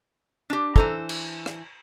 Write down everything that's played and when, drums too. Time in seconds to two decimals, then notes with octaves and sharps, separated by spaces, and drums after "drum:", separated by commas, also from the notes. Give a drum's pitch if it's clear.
0.50 D4 G4
0.76 E3 A4 C5 A#5, drum: kick
1.09 drum: cymbal
1.46 drum: rim click